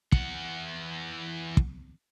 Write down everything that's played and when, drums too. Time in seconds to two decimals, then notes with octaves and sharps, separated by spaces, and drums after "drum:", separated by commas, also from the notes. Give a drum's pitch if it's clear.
0.12 E3 F#5, drum: kick
1.57 drum: kick